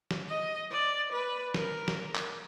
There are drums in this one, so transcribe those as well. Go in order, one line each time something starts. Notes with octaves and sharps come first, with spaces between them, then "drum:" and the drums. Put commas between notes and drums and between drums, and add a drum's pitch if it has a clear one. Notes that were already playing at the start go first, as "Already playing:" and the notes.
drum: snare
D#5
D5
B4
A#4, drum: snare
drum: snare
drum: clap